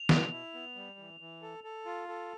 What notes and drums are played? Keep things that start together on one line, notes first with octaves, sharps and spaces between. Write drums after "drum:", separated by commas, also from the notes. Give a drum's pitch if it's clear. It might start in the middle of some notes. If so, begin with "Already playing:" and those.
Already playing: F7
B2, drum: snare
E4
B3
G3
E3
E3
A4
A4
F4
A4